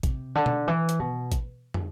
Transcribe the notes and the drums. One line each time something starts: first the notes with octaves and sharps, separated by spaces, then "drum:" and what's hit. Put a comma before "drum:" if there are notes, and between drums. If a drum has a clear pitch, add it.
C3, drum: kick A1, hi-hat
D3
drum: tom B2
E3
drum: hi-hat
B2
drum: kick A1, hi-hat
drum: tom